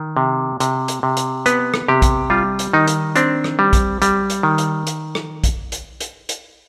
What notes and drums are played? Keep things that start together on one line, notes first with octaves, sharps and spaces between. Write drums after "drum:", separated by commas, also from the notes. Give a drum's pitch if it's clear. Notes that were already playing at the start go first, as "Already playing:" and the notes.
Already playing: D#3
C3
C3, drum: hi-hat
drum: hi-hat
C3
drum: hi-hat
B3 B4, drum: hi-hat
drum: rim click
C3 G4
drum: kick, hi-hat
G3 F4
drum: hi-hat
D#3 D#4
drum: hi-hat
C4 D4, drum: hi-hat
drum: rim click
G3
drum: kick, hi-hat
G3, drum: hi-hat
drum: hi-hat
D#3
drum: hi-hat
drum: hi-hat
drum: rim click
drum: kick, hi-hat
drum: hi-hat
drum: hi-hat
drum: hi-hat